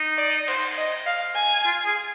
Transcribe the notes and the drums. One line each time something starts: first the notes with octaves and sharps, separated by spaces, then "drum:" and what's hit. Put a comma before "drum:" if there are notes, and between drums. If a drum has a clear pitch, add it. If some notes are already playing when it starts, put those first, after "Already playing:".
Already playing: D#4
D5
C5, drum: cymbal
D#5
F5
G#5
F4
G#4